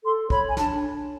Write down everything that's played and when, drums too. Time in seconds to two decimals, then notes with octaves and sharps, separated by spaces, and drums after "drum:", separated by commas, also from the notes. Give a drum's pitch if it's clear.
0.04 A4 C6
0.30 C#5 B5, drum: kick
0.48 G#5
0.57 D4 A5, drum: snare